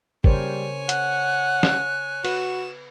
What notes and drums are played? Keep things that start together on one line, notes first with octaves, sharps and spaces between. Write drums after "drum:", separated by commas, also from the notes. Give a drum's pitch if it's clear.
C#3 G3 A#4 C5 C#5 G#5, drum: kick G1
F#5 F#6, drum: hi-hat
drum: snare
F#4 B4 E7, drum: cymbal